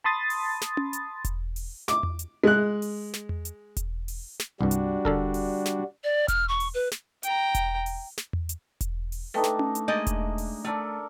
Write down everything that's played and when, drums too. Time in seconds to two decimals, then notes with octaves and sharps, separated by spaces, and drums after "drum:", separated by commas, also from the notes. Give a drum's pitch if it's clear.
0.04 A5 B5 C6 D#6 A6
0.30 drum: open hi-hat
0.61 drum: snare
0.77 drum: tom C#4
0.93 drum: hi-hat
1.24 drum: kick E1, hi-hat
1.56 drum: open hi-hat
1.88 D6, drum: snare
2.03 drum: tom E2
2.19 drum: hi-hat
2.44 G#3 F#6
2.82 drum: open hi-hat
3.14 drum: snare
3.29 drum: tom E2
3.45 drum: hi-hat
3.77 drum: kick E1, hi-hat
4.08 drum: open hi-hat
4.40 drum: snare
4.61 C2 G2 G3 D4 F#4
4.71 drum: hi-hat
5.05 D3 A4 A#4, drum: kick E1
5.34 drum: open hi-hat
5.66 drum: snare
6.04 D5
6.28 F6, drum: kick E1, hi-hat
6.48 C#6
6.60 drum: open hi-hat
6.74 B4
6.92 drum: snare
7.23 G5 A#5, drum: hi-hat
7.55 drum: kick E1, hi-hat
7.86 drum: open hi-hat
8.18 drum: snare
8.33 drum: tom E2
8.49 drum: hi-hat
8.81 drum: kick E1, hi-hat
9.12 drum: open hi-hat
9.34 A3 D4 D#4 A4 B4 G5
9.44 drum: snare
9.59 drum: tom C#4
9.75 drum: hi-hat
9.88 G#3 A#3 D#5 G6 A6
10.07 drum: kick E1, hi-hat
10.38 drum: open hi-hat
10.64 A3 A4 A#4 D5